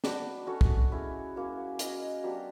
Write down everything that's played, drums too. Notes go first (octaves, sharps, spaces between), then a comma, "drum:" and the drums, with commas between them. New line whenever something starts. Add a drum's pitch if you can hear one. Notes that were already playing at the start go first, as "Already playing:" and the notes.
D4 F#4 B4, drum: snare
C#4 F#4 A4 C#5
drum: kick
C#4 E4 G#4
F#3 A#3 C#4 E4
C#4 F#4 A#4 D#5, drum: hi-hat
F#3 B3 D4 G4